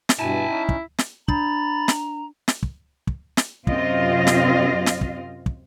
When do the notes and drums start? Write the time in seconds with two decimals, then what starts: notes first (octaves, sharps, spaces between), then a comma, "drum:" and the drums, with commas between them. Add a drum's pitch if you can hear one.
0.09 drum: snare
0.19 G2 B2 E4 G#5 A5
0.48 C#4 D#4
0.69 drum: kick
0.98 drum: snare
1.28 D4 A#5 B5 A6, drum: kick
1.88 drum: snare
2.48 drum: snare
2.63 drum: kick
3.07 drum: kick
3.37 drum: snare
3.67 F#2 C3 C4 F4 D#5 F5, drum: kick
4.27 drum: snare
4.86 drum: snare
5.01 drum: kick
5.46 drum: kick